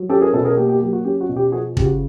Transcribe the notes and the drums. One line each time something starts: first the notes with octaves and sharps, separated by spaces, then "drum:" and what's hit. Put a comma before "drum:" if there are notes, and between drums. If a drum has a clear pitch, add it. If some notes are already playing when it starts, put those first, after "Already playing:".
Already playing: F#3
C#4 G4 A4
G#4 A#4
B2 A4 B4
G#4 A#4
A#3 G4
G4
F#3 G4
F#4
C#4 G4
F#4
B2
G4
F3 F#4 G#4
C#3 G4, drum: kick
F#4